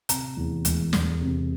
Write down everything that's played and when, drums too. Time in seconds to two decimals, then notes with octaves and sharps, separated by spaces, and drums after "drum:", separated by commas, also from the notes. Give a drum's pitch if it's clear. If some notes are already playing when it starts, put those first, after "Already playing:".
0.09 C3 A#5, drum: hi-hat
0.37 E2
0.65 E1, drum: hi-hat
0.93 E1, drum: snare
1.21 C3